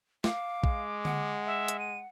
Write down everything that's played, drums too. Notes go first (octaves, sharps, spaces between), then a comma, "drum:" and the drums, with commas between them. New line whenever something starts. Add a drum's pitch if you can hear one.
F5 D6, drum: snare
G#3, drum: kick
F#5, drum: tom D3
E5
drum: hi-hat
D#7